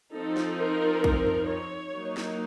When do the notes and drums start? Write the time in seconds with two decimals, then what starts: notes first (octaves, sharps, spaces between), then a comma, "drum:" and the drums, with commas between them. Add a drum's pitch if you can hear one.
0.14 F3 C4 D#4 A4
0.37 drum: snare
0.60 A#4
1.04 drum: kick
1.27 drum: tom F2
1.49 C#5
1.94 F#3 A#3 D#4
2.17 drum: snare